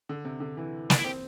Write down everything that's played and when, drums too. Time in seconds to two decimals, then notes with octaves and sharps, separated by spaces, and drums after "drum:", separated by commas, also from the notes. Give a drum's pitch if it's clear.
0.09 D3
0.25 C3
0.40 D3
0.57 E3
0.90 D4, drum: snare
0.98 E4
1.04 C4 G4